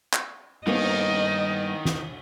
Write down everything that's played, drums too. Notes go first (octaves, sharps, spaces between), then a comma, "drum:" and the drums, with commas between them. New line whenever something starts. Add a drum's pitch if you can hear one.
drum: clap
G2 D#3 A#3 B3 D#5, drum: cymbal
drum: snare